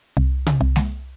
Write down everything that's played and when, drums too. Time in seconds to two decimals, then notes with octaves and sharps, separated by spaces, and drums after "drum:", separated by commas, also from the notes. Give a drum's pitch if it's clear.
0.17 C2
0.46 drum: tom C3
0.61 C2
0.76 drum: snare G#3